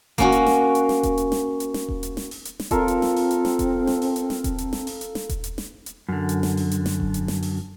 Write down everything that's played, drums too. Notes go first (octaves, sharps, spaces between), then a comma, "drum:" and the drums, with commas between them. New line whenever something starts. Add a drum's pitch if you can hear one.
A#3 C#4 F#4, drum: kick E1, hi-hat
drum: hi-hat
drum: snare
drum: hi-hat
drum: snare
drum: kick E1, hi-hat
drum: hi-hat
drum: snare
drum: hi-hat
drum: snare
drum: kick E1
drum: hi-hat
drum: snare
drum: open hi-hat
drum: hi-hat
drum: snare
C4 F4 A4 A#4, drum: kick E1, hi-hat
drum: hi-hat
drum: snare
drum: open hi-hat
drum: hi-hat
drum: snare
drum: kick E1, hi-hat
drum: snare
drum: open hi-hat
drum: hi-hat
drum: snare
drum: kick E1, hi-hat
drum: hi-hat
drum: snare
drum: open hi-hat
drum: hi-hat
drum: snare
drum: kick E1, hi-hat
drum: hi-hat
drum: snare
drum: hi-hat
F#2 D3
drum: hi-hat
drum: snare
drum: open hi-hat
drum: hi-hat
drum: snare
drum: kick E1
drum: hi-hat
drum: snare
drum: open hi-hat